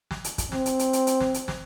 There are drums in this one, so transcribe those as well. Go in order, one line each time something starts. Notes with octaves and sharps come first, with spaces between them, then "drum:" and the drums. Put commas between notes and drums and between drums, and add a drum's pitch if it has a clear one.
drum: snare
drum: hi-hat
drum: kick, hi-hat
C4, drum: snare
drum: hi-hat
drum: hi-hat
drum: hi-hat
drum: hi-hat
drum: snare
drum: hi-hat
drum: snare